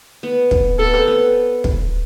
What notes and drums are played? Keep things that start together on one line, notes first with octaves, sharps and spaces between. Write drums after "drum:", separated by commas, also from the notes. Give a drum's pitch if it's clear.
B3
drum: kick
B3 A4
C4
B3
drum: kick